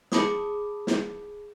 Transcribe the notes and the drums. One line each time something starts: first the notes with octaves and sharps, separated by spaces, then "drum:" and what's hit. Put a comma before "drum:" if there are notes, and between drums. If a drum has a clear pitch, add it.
G#4 A5 B5 D6 D#6, drum: snare
drum: snare